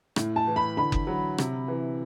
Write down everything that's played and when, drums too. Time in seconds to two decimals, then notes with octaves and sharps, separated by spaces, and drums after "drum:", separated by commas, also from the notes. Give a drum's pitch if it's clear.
0.16 A2, drum: rim click
0.36 A5
0.47 E3
0.56 B5
0.77 D3 B5
0.92 drum: kick F#1
1.07 F#3
1.38 C3, drum: rim click
1.68 E3